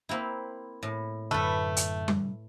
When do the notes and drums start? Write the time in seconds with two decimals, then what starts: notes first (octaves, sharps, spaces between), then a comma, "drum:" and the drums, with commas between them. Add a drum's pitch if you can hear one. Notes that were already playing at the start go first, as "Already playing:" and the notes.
0.09 A#3 C4 E4
0.83 A2
1.31 F#2 D3 A3 A4 B4
1.77 drum: hi-hat
2.08 drum: tom G3